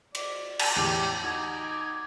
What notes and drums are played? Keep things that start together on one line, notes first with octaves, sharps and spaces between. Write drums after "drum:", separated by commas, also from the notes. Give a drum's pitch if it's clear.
D5, drum: cymbal
drum: cymbal
E2 A2 G4
D#4 F#4 D6 G#6